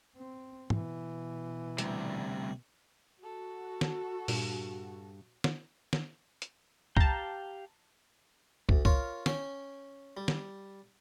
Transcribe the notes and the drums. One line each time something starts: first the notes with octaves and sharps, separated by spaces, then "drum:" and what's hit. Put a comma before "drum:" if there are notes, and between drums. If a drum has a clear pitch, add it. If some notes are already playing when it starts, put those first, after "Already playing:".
C4
B2 E3, drum: tom
D2 C3 G3, drum: hi-hat
F#4 A4
drum: snare
G2 A#2, drum: open hi-hat
drum: snare
drum: snare
drum: hi-hat
G4 F5 G5 A5 A#5, drum: kick
D2, drum: kick
F4 A#4 C#5, drum: kick
C#4 G5 G#5, drum: snare
G3
drum: snare